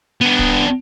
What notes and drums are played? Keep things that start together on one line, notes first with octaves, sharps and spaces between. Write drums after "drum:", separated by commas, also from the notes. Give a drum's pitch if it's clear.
B3 D4
drum: kick